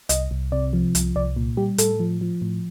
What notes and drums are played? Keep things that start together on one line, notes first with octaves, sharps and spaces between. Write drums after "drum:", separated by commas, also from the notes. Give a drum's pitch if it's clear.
C2 D#5, drum: hi-hat
C2
C3 D5
F3
C2, drum: hi-hat
C2 D5
A#2
G3 G4
A2 A4, drum: hi-hat
F3
F3
A2